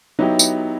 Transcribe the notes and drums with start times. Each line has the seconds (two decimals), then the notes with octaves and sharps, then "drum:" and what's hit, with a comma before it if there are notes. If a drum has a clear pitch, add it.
0.19 F#3 B3 D#4 E4 G4
0.39 drum: tambourine